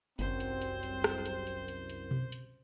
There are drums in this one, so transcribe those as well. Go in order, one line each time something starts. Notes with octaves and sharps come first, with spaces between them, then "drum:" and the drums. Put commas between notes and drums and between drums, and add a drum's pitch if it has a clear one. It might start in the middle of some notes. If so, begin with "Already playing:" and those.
G1 C2 F#2 C4 C5, drum: hi-hat
drum: hi-hat
drum: hi-hat
drum: hi-hat
drum: rim click
drum: hi-hat
drum: hi-hat
drum: hi-hat
drum: hi-hat
drum: tom B2
drum: hi-hat